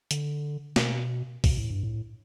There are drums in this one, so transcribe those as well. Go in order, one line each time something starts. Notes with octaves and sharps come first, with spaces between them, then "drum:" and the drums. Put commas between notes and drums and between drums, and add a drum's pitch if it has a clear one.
D3, drum: hi-hat
B2, drum: snare
B2, drum: kick B1, open hi-hat
A2
G2
A2